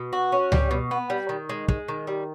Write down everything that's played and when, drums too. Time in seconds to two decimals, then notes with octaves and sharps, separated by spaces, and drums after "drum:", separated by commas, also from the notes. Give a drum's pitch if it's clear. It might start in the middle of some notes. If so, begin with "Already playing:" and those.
Already playing: B2
0.13 F#4
0.32 C#4
0.52 G3, drum: tom C#2
0.71 B2
0.91 B3
1.10 G3
1.29 D#3
1.49 G#3
1.68 G#3, drum: kick
1.88 D#3
2.07 G3